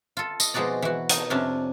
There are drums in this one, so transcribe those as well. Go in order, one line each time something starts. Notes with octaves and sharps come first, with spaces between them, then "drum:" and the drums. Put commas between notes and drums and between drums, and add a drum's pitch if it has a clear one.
F4 A4
D#5, drum: tambourine
B2 F3 G#3 D#4 F#4 D5
E3 F#4
D#4, drum: hi-hat
F2 C3 C#4 D4